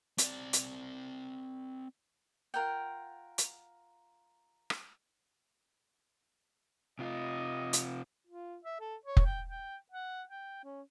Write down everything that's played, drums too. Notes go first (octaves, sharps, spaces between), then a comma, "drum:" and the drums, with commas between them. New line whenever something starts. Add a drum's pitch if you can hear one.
C4 D5, drum: hi-hat
drum: hi-hat
F4 A#4 F#5 G5
drum: hi-hat
drum: rim click
C3 F4 D#5
drum: hi-hat
F4
E5
A4
C#5
drum: kick F1
G5
G5
F#5
G5
C#4